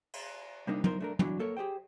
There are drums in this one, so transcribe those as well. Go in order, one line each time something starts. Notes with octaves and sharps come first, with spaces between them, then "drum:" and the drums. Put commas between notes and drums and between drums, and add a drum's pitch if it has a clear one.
drum: cymbal
C3 G3 A#3 D4 D#4
D#4 F4 A#4 C5, drum: tom
A3 D4 A#4
G2 E3 F#3 D4, drum: tom
A#3 A4 A#4 C#5
G4 G#4 C5 G5